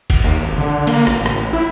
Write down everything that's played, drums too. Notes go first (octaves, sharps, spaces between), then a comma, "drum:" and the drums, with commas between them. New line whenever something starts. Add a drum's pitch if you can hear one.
drum: kick, cymbal
D#2
G#1
D3
A#3, drum: cymbal
A1, drum: rim click
drum: rim click
E4